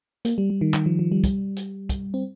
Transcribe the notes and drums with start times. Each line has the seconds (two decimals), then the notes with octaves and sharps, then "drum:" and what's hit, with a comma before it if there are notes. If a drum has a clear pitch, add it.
0.25 A#3, drum: hi-hat
0.38 G3
0.50 G3
0.61 D#3
0.74 D#3, drum: clap
0.86 F3
0.99 F3
1.12 G3
1.24 drum: kick, hi-hat
1.57 drum: hi-hat
1.89 drum: kick, hi-hat
2.14 C4